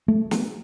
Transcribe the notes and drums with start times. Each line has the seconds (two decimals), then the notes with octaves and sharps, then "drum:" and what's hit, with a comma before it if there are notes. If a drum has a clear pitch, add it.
0.08 A3
0.31 drum: snare